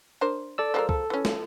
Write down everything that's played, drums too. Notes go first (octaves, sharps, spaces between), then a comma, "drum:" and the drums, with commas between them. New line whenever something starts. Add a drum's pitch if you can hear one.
D4 A#4 C5
A4 D5 E6
F3 G#3 A#4
A4, drum: kick
E3 C#4
drum: snare